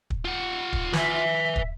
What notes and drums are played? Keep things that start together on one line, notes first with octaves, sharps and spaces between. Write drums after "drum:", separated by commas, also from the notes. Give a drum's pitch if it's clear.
drum: kick
F4 F#5
drum: kick
B4 E5 G#5, drum: snare
drum: kick